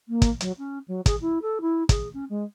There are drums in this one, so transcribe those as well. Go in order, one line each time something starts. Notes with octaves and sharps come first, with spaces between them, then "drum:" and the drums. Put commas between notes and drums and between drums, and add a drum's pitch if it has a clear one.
A#3
drum: kick, hi-hat
F#3, drum: hi-hat
C#4
F#3
G#4, drum: kick, hi-hat
E4
A4
E4
G#4, drum: kick, hi-hat
C#4
G#3